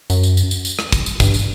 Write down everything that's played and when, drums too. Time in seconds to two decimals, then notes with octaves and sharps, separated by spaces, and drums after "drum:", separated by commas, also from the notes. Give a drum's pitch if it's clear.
0.10 F#2, drum: tambourine
0.23 drum: tambourine
0.37 drum: tambourine
0.51 drum: tambourine
0.65 drum: tambourine
0.79 drum: rim click
0.92 drum: kick, tambourine
1.06 drum: tambourine
1.20 G2, drum: kick, tambourine
1.34 drum: tambourine